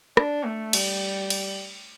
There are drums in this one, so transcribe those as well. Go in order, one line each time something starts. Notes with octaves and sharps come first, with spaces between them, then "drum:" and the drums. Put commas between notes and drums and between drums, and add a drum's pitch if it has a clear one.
D4, drum: rim click
A3
G3, drum: cymbal
drum: cymbal